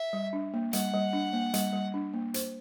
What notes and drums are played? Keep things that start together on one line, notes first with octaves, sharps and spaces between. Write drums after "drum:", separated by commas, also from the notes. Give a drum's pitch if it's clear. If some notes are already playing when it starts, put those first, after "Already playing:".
Already playing: E5
G3
D4
A#3
G3 F#5, drum: hi-hat
G3
D4
A#3
G3, drum: hi-hat
G3
D4
A#3
C5, drum: hi-hat